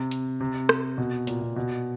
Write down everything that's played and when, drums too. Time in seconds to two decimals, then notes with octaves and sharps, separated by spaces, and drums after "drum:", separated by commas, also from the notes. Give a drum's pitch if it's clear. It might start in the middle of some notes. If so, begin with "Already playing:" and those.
Already playing: C3
0.11 drum: hi-hat
0.41 C3
0.69 drum: rim click
0.98 B2
1.27 A#2, drum: hi-hat
1.41 B2
1.56 B2